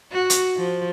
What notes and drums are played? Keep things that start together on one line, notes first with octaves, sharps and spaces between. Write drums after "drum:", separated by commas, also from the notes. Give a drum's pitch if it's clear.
F#4
drum: hi-hat
F3